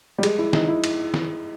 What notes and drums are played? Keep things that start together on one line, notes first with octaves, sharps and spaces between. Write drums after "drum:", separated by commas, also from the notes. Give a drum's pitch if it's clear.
G3
G#3, drum: cymbal
E4
D#4, drum: snare D#3
E4
drum: cymbal
drum: snare D#3